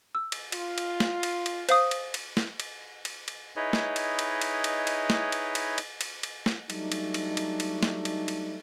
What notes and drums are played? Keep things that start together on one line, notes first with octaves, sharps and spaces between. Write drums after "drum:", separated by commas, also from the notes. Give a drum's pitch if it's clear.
E6
drum: cymbal
F4, drum: cymbal
drum: cymbal
drum: snare
drum: cymbal
drum: cymbal
C5 F5 D#6, drum: cymbal
drum: cymbal
drum: cymbal
drum: snare
drum: cymbal
drum: cymbal
drum: cymbal
D#4 E4 G#4 B4 C#5 D#5
drum: snare
drum: cymbal
drum: cymbal
drum: cymbal
drum: cymbal
drum: cymbal
drum: snare
drum: cymbal
drum: cymbal
drum: cymbal
drum: cymbal
drum: cymbal
drum: snare
F#3 G3 A3 D4 D#4, drum: cymbal
drum: cymbal
drum: cymbal
drum: cymbal
drum: cymbal
drum: snare
drum: cymbal
drum: cymbal